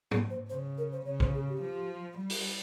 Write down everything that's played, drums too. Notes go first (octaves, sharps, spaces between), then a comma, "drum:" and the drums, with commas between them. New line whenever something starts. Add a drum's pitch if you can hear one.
G#4, drum: tom
C5
C#3 C5
A#4
C5
C#3 C#5
C5, drum: kick
G#4
G4
F3
G3
drum: open hi-hat